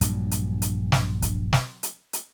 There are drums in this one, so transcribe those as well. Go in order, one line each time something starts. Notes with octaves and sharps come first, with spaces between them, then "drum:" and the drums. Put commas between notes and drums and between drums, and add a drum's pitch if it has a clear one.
A#1 G2 A#2 F#3, drum: hi-hat
drum: hi-hat
drum: hi-hat
drum: snare
drum: kick, hi-hat
drum: snare
drum: hi-hat
drum: hi-hat